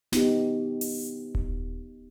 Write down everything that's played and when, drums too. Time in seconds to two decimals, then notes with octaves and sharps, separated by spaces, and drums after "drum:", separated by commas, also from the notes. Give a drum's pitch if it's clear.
0.12 B3 D#4 G4, drum: snare
0.81 drum: open hi-hat
1.35 drum: kick D#1